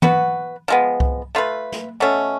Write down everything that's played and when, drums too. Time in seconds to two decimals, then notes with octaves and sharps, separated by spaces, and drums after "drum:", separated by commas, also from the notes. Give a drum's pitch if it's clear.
0.02 B3 F#4 B4, drum: tom
0.68 F3 G#3 B3
1.00 drum: kick C2
1.35 A3 F4 B4
1.72 drum: snare
2.00 B2 A3 C#4